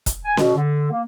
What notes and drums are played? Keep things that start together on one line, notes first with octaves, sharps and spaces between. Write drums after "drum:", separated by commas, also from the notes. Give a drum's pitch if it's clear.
drum: kick, hi-hat
G#5
B2, drum: snare C#4
D3
A#3